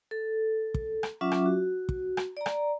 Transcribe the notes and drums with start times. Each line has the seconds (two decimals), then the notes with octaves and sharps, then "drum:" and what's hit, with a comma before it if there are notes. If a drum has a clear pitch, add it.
0.11 A4
0.74 drum: kick
1.03 drum: rim click
1.21 F#3 C#4 F4 E5 D6
1.32 drum: rim click
1.46 F#4
1.89 drum: kick
2.17 drum: rim click
2.37 D5 A#5
2.46 drum: rim click